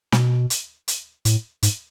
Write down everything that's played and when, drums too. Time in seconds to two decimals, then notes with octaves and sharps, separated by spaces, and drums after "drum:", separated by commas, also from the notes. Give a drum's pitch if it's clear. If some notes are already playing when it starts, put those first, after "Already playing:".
0.12 B2, drum: snare
0.50 drum: hi-hat
0.88 drum: hi-hat
1.25 A2, drum: hi-hat
1.63 G#2, drum: hi-hat